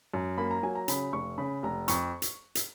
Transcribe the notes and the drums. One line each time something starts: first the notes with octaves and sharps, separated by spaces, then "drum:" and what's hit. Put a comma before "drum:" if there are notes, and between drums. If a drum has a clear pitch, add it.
F#2
A#3 B5
A#5
F#3 G#5
A#5
C#3 B5, drum: hi-hat
F1 C#6
C#3 B5
F1 A#5
F2 C#6, drum: hi-hat
drum: hi-hat
drum: hi-hat